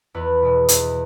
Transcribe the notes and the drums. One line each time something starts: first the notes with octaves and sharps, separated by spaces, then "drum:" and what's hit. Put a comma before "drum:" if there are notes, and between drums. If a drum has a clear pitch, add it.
E2 B4
B2 G#3
E2, drum: hi-hat